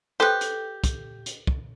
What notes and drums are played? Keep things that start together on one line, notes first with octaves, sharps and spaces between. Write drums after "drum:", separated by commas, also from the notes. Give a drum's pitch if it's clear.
G4 A4 B4 C5 G5
drum: hi-hat
drum: kick, hi-hat
drum: hi-hat
drum: kick